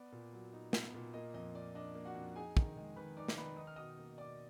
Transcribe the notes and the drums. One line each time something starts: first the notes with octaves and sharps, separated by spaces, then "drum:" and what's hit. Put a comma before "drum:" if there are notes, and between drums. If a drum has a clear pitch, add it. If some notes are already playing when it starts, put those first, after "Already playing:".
Already playing: B3 D5
A#2
F#3
D#4
B3, drum: snare
A#2
A#3 D#5
F2 D#5
F3 D5
D4 D#5
A#3
F#4 F#5
F2
D#4 G#4 G#5
D#3, drum: kick
G#3
D#3 B4 B5
D#4 D5 D6
drum: snare
D#3 B4 B5
D#4 D#6
F6
B2 D#5 D#6
A#3
B2 D5 D6